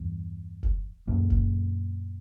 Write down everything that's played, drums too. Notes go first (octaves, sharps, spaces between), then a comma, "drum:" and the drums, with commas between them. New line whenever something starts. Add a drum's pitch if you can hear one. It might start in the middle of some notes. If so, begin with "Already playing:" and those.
Already playing: E2 G2
drum: kick
F#2 A#2
drum: kick